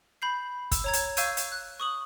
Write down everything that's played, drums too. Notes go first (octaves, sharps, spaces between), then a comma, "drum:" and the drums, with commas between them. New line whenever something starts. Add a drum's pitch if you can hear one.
B5 G6 C7
E6, drum: kick, hi-hat
C#5 A#5 G#6
drum: hi-hat
F5 C#6 E6 G6 G#6 D#7, drum: hi-hat
drum: hi-hat
F#6
C#6 D#6 F#7